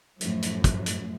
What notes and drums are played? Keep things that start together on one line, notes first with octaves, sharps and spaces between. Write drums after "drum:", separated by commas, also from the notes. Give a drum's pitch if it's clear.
F#2 A2 F3, drum: hi-hat
drum: hi-hat
drum: kick, hi-hat
drum: hi-hat